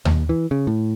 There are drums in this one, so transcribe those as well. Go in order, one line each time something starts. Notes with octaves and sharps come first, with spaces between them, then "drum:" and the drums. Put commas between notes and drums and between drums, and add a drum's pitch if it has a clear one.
D#2, drum: tom D#2
E3
C#3
A2